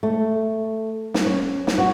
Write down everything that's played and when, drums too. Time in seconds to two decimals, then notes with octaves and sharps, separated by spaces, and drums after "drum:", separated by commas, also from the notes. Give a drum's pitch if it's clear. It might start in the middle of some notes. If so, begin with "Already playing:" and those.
0.03 A3
1.14 drum: snare
1.26 C#4
1.67 drum: snare
1.78 F#4